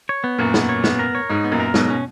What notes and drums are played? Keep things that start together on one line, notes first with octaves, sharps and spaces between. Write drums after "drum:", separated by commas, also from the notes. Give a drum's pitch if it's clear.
C#5
B3
F#2 A#2 F#4
B3, drum: snare
C#5
B3, drum: snare
A#4
C#5
G#2 D#4
B3
F#2 A#2
A#4
G#2 B2 F#3, drum: snare
B2 C#4